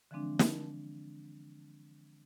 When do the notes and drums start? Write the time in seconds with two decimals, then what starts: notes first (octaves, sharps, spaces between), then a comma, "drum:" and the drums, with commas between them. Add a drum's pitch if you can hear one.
0.11 D3 E3 F3 G#3 C4 D4
0.39 drum: snare